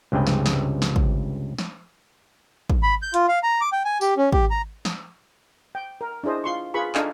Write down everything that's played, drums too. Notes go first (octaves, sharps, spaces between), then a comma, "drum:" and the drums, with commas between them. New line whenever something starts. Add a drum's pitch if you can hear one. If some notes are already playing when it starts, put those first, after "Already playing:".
C#2 G2 C3 G#4 G5
drum: snare
drum: snare
drum: snare
drum: kick
drum: snare
drum: kick
B5
G6
F4, drum: hi-hat
F5
A#5
D6
G5
G#5
G4, drum: tambourine
C#4
G4, drum: kick
A#5
drum: snare
G5
A#4
D4 E4 G#4 C5 D#5
F4 C6 C#6
F4 G#4 B4 B5 C#6
D4 D#4 A4 D#5 F5 G#5, drum: clap